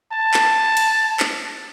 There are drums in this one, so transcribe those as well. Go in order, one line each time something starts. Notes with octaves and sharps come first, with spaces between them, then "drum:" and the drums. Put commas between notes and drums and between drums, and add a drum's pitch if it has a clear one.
A5
drum: clap
drum: cymbal
drum: clap